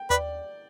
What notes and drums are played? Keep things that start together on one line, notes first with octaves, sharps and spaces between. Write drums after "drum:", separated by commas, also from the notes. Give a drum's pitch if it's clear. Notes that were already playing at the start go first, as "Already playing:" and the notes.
Already playing: G5
B4 D5, drum: tom D#2